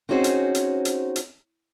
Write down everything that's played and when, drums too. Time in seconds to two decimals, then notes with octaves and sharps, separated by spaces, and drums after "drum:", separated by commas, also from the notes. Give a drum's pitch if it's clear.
0.09 C4 C#4 D#4 F#4 G#4 C5
0.24 drum: hi-hat
0.55 drum: hi-hat
0.85 drum: hi-hat
1.16 drum: hi-hat